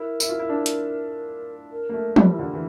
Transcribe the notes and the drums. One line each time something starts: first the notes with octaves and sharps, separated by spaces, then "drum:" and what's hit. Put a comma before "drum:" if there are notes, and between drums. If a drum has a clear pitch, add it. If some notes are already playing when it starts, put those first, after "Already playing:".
Already playing: E4 A#4
E4, drum: tambourine
F4
E4
D4
drum: hi-hat
A#4
A#3
A3
G3 G4, drum: tom
F4
E4
D3 F4
E3